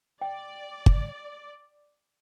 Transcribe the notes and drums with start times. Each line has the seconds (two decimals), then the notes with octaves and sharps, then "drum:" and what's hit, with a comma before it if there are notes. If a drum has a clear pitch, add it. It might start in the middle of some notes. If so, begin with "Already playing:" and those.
0.22 D5 G5
0.86 drum: kick G1